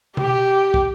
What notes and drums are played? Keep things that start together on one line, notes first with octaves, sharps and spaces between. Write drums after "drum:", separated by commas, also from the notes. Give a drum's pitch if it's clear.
G4, drum: tom B2
drum: kick